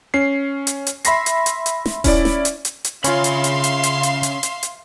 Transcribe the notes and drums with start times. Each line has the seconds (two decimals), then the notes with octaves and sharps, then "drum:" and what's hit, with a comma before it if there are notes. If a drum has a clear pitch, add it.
0.14 C#4 C7
0.67 drum: hi-hat
0.87 drum: hi-hat
1.05 E5 B5 C6 A#6 C7, drum: hi-hat
1.26 drum: hi-hat
1.46 drum: hi-hat
1.66 drum: hi-hat
1.86 drum: snare
2.04 C#4 E4 D5, drum: kick D#1, open hi-hat
2.25 drum: snare
2.45 drum: hi-hat
2.65 drum: hi-hat
2.85 drum: hi-hat
3.04 C#3 C#4 F4 E5 F5 B5 C6, drum: hi-hat
3.24 drum: hi-hat
3.44 drum: hi-hat
3.64 drum: hi-hat
3.83 drum: hi-hat
4.03 drum: hi-hat
4.23 drum: hi-hat
4.43 drum: hi-hat
4.63 drum: hi-hat